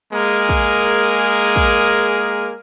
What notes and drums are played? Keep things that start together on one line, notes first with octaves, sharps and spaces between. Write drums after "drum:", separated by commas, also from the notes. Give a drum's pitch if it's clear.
G#3 A#3 G#4 A#4
drum: kick
drum: kick